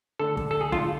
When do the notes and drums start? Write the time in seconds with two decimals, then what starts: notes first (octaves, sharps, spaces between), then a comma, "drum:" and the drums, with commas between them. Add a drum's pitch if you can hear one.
0.19 D3 A3 D4 A4
0.37 drum: kick
0.51 A4
0.61 G#4
0.72 D3 A3 D4 F4, drum: kick